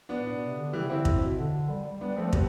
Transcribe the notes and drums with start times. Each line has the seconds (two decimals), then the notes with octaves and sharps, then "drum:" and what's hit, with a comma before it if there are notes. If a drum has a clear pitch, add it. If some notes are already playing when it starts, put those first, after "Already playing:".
0.09 B3 D4
0.19 A2
0.32 B2
0.44 C3
0.57 D3
0.73 C3 E3 G3
0.89 D3 C4 E4
1.05 C3, drum: kick
1.14 A2
1.21 B2
1.37 D3
1.69 G3
1.84 G3
2.01 G3 B3 D4
2.17 F3 A3 C4
2.27 C4
2.33 F3 G3 B3, drum: kick